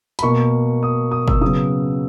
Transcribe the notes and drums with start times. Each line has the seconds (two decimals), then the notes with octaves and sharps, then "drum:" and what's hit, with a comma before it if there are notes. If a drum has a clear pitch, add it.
0.19 B5, drum: hi-hat
0.22 B2 A#3 C#6
0.83 D#6
1.11 D#6
1.28 E6, drum: kick
1.41 C#3 F#3 B3 D#6